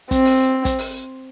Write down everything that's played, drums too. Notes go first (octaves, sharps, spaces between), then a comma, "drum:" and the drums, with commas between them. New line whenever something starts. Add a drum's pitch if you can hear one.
C4, drum: kick, hi-hat
drum: open hi-hat
drum: kick, hi-hat
drum: open hi-hat